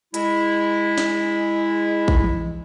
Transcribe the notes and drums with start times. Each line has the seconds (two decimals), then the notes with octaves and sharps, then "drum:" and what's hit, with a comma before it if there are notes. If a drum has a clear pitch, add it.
0.14 G#3 E4, drum: hi-hat
0.98 drum: snare
2.08 drum: kick
2.24 drum: tom E3